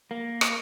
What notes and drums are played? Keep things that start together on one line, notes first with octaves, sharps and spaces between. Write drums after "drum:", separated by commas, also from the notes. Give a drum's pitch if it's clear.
A#3
drum: rim click